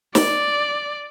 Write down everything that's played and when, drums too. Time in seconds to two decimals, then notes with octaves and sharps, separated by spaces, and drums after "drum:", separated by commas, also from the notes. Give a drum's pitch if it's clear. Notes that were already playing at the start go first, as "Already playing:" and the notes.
0.15 D5, drum: snare